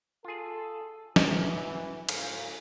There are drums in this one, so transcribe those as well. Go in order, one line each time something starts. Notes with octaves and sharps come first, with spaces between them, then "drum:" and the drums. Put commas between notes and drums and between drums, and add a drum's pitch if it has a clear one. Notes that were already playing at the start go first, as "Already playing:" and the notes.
F4 G#4 A4
F#2 E3, drum: snare
G#2 C#3 F5, drum: cymbal